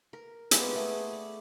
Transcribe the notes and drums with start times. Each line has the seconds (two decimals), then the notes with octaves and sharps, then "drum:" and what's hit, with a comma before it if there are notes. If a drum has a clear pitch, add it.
0.13 A#4
0.51 G#3 A#3 B3 G4, drum: hi-hat
0.75 A3 G#4
1.13 D5